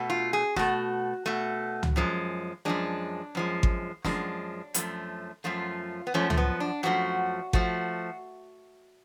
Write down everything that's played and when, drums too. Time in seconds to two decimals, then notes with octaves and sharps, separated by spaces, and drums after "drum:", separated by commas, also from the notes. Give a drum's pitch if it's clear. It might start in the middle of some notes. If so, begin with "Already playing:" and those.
Already playing: B2 A3
0.10 F4
0.33 G#4
0.56 B2 A3 F#4, drum: snare
1.26 B2 A3
1.83 drum: tom
1.96 F#2 F3 G#3
2.65 F#2 F3 G#3 D4
3.35 F#2 F3 G#3
3.63 drum: kick G#1
4.05 F#2 F3 G#3 D4, drum: snare
4.74 F#2 F3 A3, drum: hi-hat
5.44 F#2 F3 A3 F4
6.07 B3
6.14 F#2 F3 A3 C#4
6.30 A3, drum: tom
6.37 B3
6.60 D4
6.83 F#2 F3 A3 F#4
7.53 F3 A3 F#4, drum: kick G#1